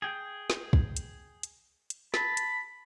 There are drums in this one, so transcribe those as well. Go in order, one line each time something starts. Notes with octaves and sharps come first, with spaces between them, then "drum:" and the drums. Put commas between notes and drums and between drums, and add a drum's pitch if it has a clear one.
G#4 G5
drum: snare
drum: kick
drum: hi-hat
drum: hi-hat
drum: hi-hat
A5 B5, drum: snare
drum: hi-hat